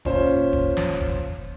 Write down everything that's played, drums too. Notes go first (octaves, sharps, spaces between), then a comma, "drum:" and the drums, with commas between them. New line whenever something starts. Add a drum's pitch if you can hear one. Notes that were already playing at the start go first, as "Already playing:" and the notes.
A#2 C#4 C5, drum: kick E1
drum: kick E1
drum: snare
drum: kick E1